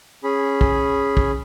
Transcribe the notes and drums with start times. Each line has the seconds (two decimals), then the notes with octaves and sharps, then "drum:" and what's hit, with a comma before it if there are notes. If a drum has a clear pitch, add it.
0.24 C#4 G#4 B5
0.61 drum: kick
1.17 drum: kick